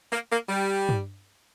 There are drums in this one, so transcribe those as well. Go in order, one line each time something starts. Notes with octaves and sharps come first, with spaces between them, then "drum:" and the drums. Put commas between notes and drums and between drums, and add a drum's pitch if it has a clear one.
A#3
A#3
G3
drum: tom G2